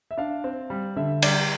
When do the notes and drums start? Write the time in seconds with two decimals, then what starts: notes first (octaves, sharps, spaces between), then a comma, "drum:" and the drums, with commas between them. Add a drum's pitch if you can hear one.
0.11 E5
0.17 D4 F5
0.44 C4
0.70 G3
0.96 D3 E5
1.22 G3 D5, drum: cymbal